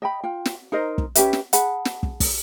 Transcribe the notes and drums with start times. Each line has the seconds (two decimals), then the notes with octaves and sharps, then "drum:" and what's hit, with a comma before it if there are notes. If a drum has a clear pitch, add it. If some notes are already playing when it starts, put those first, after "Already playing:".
0.02 D#5 G5 B5
0.23 F4 G5
0.45 drum: snare
0.72 D#4 A#4 C5 D#5
0.98 drum: kick
1.15 C#4 G4 B4 E5, drum: hi-hat
1.33 drum: snare
1.53 G#4 F#5 A5 B5, drum: hi-hat
1.85 drum: snare
2.03 drum: kick
2.20 drum: kick, open hi-hat